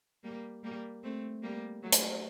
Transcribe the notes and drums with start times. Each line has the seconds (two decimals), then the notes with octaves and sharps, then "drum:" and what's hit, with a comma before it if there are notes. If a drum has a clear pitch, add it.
0.24 G3 A#3
0.64 G3 A#3
1.03 A3 C4
1.43 G3 A#3
1.83 F#3 A3
1.92 drum: hi-hat